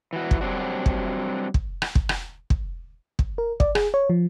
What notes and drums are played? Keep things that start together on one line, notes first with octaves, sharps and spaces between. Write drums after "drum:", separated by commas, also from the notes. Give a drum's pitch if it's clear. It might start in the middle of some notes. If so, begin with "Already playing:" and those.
E3 F#4
drum: kick
F#3 G3 C4 D4 F#4
drum: kick
drum: kick
drum: rim click
drum: kick
drum: rim click
drum: kick
drum: kick
A#4
D5, drum: kick
G#4, drum: rim click
C#5
F3